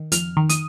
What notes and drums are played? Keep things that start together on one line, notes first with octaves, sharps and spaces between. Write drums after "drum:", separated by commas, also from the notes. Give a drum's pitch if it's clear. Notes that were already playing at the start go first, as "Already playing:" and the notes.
Already playing: D#3
F2 F6, drum: hi-hat
D#3
D#6, drum: hi-hat